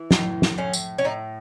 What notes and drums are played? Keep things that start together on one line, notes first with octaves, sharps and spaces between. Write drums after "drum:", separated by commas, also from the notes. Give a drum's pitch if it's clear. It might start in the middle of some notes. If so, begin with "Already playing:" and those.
Already playing: E3
A2 D#4, drum: snare
drum: snare
A2 C#4
drum: tambourine
C#4
A2 D#4